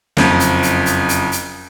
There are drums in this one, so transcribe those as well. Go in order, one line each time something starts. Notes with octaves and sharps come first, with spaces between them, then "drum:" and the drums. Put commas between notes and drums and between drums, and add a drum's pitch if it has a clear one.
F#1 F2, drum: snare
drum: hi-hat
drum: hi-hat
drum: hi-hat
drum: hi-hat
drum: hi-hat